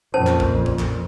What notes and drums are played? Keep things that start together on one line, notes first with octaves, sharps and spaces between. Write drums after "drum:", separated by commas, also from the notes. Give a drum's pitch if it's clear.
F2 A#2 C#4 C5 A5
drum: clap
drum: kick A#1
drum: kick A#1
drum: clap